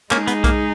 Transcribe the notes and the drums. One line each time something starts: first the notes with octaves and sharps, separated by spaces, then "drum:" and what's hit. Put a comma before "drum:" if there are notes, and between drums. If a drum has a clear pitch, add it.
G#3 A#3 C#4 D#4 G#4, drum: clap
B3, drum: hi-hat
A#3, drum: kick B1, hi-hat